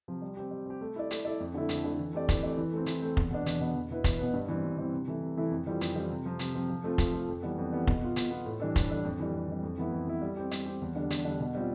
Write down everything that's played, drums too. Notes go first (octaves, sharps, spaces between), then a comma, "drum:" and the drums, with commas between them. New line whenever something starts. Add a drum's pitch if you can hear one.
C3 F3
G3
C4 G4
G3
C4 G4
A3
E4 A4 D5
A3, drum: hi-hat
E4 A4 D5
F2
D3 A3 E4
F2, drum: hi-hat
D3 A3 E4
E3
A3 C4 G4 D5
E3, drum: kick F1, hi-hat
A3 C4 G4 D5
E3
A3 C4
E3, drum: hi-hat
A3 C4
E2, drum: kick F1
B2 B3 D4
E2, drum: hi-hat
B2 B3 D4
E2
B2 B3 E4 B4
E2, drum: kick F1, hi-hat
B2 B3 E4 B4
G2
E3 G3 C4
G2
E3 G3 C4
C3
E3 A3 E4
C3
E3 A3 E4
F2
E3 G3 C4 F4
F2, drum: hi-hat
E3 G3 C4 F4
C3
F3 C4
C3, drum: hi-hat
F3 C4
F3
A3 C4 F4
F3, drum: kick F1, hi-hat
A3 C4 F4
F2
E3 G3 B3
F2
E3 G3 B3
B2, drum: kick F1
B3 F4
B2, drum: hi-hat
B3 F4
A2
E3 G3 D4 A4
A2, drum: kick F1, hi-hat
E3 G3 D4 A4
F2
E3 G3
F2
E3 G3
F2
E3 B3 E4
F2
E3 B3 E4
G3
C4 G4
G3, drum: hi-hat
C4 G4
E2
D3 G3 D4
E2, drum: hi-hat
D3 G3 D4
B2
G3 C4 F4